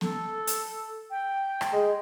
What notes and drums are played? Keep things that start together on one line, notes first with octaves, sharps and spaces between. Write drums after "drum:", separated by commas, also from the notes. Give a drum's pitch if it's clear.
A4, drum: snare B3
drum: hi-hat
G5
drum: rim click
G#3